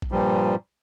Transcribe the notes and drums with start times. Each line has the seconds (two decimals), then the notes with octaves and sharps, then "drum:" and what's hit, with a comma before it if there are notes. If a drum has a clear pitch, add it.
0.02 drum: kick A#1
0.12 G2 A#2 F3 G3